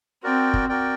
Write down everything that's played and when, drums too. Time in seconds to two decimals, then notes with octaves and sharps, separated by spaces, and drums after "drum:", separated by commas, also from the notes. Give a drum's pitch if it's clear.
0.23 C4 F#4 A#4 D5 G5
0.54 drum: kick
0.69 F#4 A#4 D5 G5